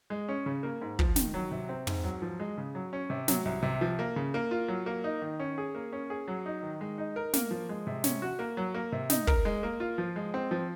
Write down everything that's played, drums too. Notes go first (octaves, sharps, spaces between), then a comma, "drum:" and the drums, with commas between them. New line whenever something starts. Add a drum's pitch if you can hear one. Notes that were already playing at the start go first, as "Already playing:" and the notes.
G#3
C#4
C#3
A#3
G#2
F3, drum: kick
D#3, drum: snare
F#3
C3
C4
G#2, drum: tom
F#3
F3
G#3
C#3
F#3
C#4
C3
F#3, drum: snare
C2
C3
F3
A#3
C#3
A#3
F4
F#3
A#3
D#4
D#3
C#4
G#4
A#3
C#4
G#4
F#3
D#4
D#3
G#3
D#4
A#4
A#3, drum: snare
F3
G#3
C3
C#4, drum: snare
F#4
A#3
F#3
A#3
C3
D#4, drum: snare
A#4, drum: kick
G#3
A#3
F4
F3
G#3
C4
F3